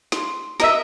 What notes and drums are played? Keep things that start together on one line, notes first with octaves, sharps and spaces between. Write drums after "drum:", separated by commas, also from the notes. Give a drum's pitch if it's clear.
C6, drum: snare
A#4 D#5 E5, drum: snare